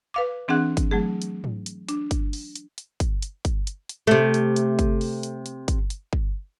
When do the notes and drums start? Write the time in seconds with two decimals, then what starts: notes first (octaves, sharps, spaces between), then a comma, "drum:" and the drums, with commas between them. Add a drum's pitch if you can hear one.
0.14 B4 F5 D6
0.48 E3 C4 D4 G#4 F#5 F#6
0.77 drum: kick, hi-hat
0.91 F#3 A3 G#4
1.22 drum: hi-hat
1.44 drum: tom G#2
1.66 drum: hi-hat
1.89 D4, drum: hi-hat
2.11 drum: kick, hi-hat
2.33 drum: open hi-hat
2.55 drum: hi-hat
2.78 drum: hi-hat
3.00 drum: kick, hi-hat
3.22 drum: hi-hat
3.45 drum: kick, hi-hat
3.67 drum: hi-hat
3.89 drum: hi-hat
4.07 C3 A3
4.34 drum: hi-hat
4.56 drum: hi-hat
4.79 drum: kick, hi-hat
5.01 drum: open hi-hat
5.23 drum: hi-hat
5.46 drum: hi-hat
5.68 drum: kick, hi-hat
5.90 drum: hi-hat
6.13 drum: kick